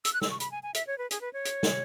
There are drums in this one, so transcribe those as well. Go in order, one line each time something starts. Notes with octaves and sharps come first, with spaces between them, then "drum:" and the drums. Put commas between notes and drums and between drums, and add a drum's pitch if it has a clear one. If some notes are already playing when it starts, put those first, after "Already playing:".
E6, drum: hi-hat
F#6
E6, drum: snare
C#6
B5, drum: hi-hat
G#5
G#5
E5, drum: hi-hat
C#5
B4
G#4, drum: hi-hat
B4
C#5
drum: hi-hat
drum: snare